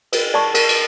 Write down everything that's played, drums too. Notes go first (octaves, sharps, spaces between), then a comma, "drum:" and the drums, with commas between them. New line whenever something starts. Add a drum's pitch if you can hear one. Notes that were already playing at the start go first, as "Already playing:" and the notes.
A#4, drum: cymbal
D5 A5 C#6
A#4, drum: cymbal
drum: cymbal